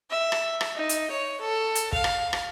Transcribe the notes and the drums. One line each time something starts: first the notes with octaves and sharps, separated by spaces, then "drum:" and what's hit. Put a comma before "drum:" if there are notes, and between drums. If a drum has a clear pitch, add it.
E5
drum: rim click
drum: rim click
D#4
drum: hi-hat
C#5
A4
drum: hi-hat
F5, drum: kick
drum: rim click
drum: rim click